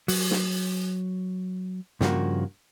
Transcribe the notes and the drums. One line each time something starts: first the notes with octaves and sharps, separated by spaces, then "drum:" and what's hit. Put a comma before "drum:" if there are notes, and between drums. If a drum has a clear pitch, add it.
F#3, drum: open hi-hat
drum: snare
G2 C#3 F3 A#3 F#4, drum: snare